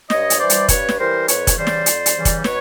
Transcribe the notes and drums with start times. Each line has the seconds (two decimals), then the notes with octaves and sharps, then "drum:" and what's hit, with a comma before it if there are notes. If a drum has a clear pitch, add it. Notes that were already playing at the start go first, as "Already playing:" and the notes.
0.10 G2 C#5 D#5, drum: snare
0.30 drum: hi-hat
0.39 E3 G3 C5 D5
0.50 drum: hi-hat
0.68 G2 B4 C#5, drum: kick F1, hi-hat
0.89 drum: snare
0.98 E3 G3 A#4 C5
1.28 F2 B4 C#5, drum: hi-hat
1.47 drum: kick F1, hi-hat
1.56 C#3 E3 G3 C5 D5
1.67 drum: snare
1.86 F2, drum: hi-hat
2.06 drum: hi-hat
2.15 C#3 E3 G3
2.25 drum: kick F1, hi-hat
2.44 B2 B4 C#5, drum: snare